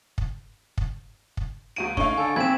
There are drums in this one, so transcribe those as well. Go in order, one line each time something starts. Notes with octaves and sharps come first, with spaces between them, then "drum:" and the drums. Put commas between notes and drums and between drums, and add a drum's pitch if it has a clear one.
drum: kick
drum: kick
drum: kick
C#2 F#4 D7 D#7
A3 C#4 D#4 F5 C#6, drum: kick
D3 A4 G#5
B1 C4 B5 G#6 E7